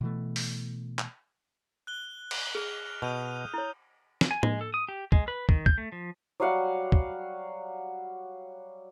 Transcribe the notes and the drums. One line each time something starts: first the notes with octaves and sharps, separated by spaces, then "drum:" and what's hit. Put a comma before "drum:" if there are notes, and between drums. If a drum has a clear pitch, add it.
B2 E3 A3
drum: open hi-hat
drum: clap
F#6 G7
drum: cymbal
G#4 F6 F7
B2 D#6 G6 D#7
E4 C#5
drum: snare
G#5
G#3, drum: tom A2
A4
D#6
G4
G#3, drum: kick
B4
D#3, drum: kick
G6, drum: kick
A3
F3
F#3 G3 F5 F#5
drum: kick